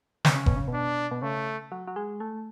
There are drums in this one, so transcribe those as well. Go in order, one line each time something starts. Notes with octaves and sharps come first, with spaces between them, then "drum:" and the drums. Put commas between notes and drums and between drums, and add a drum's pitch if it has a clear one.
B2 C#4, drum: snare
C#3
B2, drum: kick F#1
C#3
B2
D4
B2
C#3 A3
F#3
F#3
G#3
A3